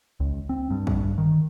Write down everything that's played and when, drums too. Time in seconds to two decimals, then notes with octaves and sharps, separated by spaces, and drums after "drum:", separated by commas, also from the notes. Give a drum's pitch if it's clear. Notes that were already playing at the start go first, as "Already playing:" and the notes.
0.20 C#2
0.49 C4
0.70 G2
0.87 drum: kick
1.18 D#3